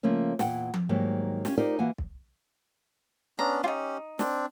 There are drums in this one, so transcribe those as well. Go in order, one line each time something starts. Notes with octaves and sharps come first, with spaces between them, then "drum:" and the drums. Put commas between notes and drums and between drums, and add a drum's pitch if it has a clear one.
C#3 F3 A3 A#3 C#4
E2 A#2 E3 F#5 G5, drum: snare
drum: tom F3
G#2 D#3 F#3 G3 A#3
C#4 F4 G4, drum: snare
D#4 F4 G4 A#4 C5 D5
E3 A#3 F#4 F#5 G#5
drum: kick
B3 C#4 D4 A#5
C#4 D#4 F4 G4
C4 D4, drum: snare